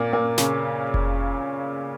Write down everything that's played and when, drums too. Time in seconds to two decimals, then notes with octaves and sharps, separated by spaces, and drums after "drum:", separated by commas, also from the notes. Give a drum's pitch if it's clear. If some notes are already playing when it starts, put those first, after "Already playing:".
Already playing: A#2 A#3
0.13 A#2 A#3
0.38 C#3 C#4, drum: snare
0.94 drum: kick F1